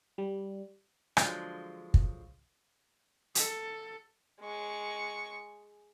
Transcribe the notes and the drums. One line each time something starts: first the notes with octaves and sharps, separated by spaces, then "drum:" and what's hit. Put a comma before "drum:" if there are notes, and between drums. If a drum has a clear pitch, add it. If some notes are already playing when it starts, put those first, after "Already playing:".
G3
D3 F3 F#3 G#3, drum: rim click
drum: kick
A4, drum: hi-hat
G#3 C#6